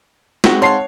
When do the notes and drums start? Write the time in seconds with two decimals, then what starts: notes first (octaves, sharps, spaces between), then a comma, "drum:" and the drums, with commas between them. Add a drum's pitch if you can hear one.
0.44 G#3 C4 D#4 F#4, drum: snare
0.62 C#5 F5 F#5 A5 C6 C7